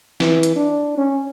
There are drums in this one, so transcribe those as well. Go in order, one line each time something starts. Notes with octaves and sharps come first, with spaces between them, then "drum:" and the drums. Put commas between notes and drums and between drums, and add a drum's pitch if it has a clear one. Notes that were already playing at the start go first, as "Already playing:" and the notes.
E3, drum: snare
drum: hi-hat
D4
C#4